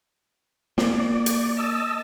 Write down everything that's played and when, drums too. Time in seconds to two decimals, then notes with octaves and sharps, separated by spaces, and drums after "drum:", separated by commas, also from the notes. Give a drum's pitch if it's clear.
0.78 A#3 D5, drum: snare
1.26 drum: hi-hat
1.57 D#5 A5 E6